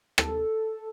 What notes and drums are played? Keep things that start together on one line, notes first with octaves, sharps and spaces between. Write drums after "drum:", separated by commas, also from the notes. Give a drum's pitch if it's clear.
A4, drum: rim click